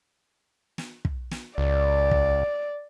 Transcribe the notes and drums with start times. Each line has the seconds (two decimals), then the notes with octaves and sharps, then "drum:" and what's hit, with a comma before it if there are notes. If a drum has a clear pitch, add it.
0.78 drum: snare
1.05 drum: kick
1.31 drum: snare
1.58 C#2 D5
2.11 drum: kick